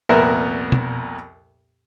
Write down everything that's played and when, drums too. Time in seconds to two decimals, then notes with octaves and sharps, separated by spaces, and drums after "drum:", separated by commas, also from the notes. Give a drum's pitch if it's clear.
0.09 C2 F2 A#2 B3 A#4 E5
0.72 drum: tom B2